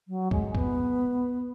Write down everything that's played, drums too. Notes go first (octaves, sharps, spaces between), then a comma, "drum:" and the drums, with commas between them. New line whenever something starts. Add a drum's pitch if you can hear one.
F#3
G#3, drum: kick
B3, drum: kick